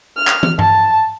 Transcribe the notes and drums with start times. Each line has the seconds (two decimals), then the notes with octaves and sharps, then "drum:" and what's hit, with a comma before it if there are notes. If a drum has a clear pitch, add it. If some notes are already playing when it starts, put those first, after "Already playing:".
0.17 F6
0.27 drum: clap
0.43 drum: tom
0.59 A5, drum: tom G2